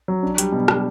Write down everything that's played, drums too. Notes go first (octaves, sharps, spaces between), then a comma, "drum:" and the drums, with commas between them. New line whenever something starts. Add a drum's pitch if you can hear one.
F#3
D4
G3, drum: hi-hat
B2
B2, drum: rim click